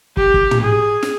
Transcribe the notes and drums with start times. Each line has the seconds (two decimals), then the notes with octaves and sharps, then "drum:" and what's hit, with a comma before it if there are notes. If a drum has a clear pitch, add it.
0.17 G4, drum: kick
0.34 drum: kick
0.51 drum: tom
0.61 G#4
1.03 drum: snare